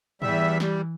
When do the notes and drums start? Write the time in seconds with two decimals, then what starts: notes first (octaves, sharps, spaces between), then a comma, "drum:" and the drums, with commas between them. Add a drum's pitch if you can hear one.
0.22 E2 E3 G3 E5, drum: tom G#2
0.60 G3, drum: snare